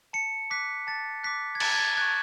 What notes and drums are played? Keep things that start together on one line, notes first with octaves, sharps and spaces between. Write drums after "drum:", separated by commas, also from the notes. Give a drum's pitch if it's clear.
A5 C#7
D6 F#6 B6
A5 A6
D6 F#6 B6
G#6
A5 A6, drum: cymbal
G#6
A6
C#6 F#6 G#6